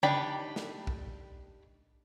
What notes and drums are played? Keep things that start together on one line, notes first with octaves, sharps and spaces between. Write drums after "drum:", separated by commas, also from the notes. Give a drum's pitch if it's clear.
D4 D#4 G4 B5, drum: tom C#3
drum: snare
drum: kick A#1